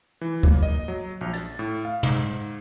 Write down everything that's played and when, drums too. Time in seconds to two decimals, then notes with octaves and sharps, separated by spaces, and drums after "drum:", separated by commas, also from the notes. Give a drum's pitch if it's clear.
0.21 E3
0.43 A#3, drum: kick
0.63 D#5
0.88 F#3
1.21 A#1
1.34 A6, drum: hi-hat
1.59 A2
1.85 F5
2.03 G#2, drum: tom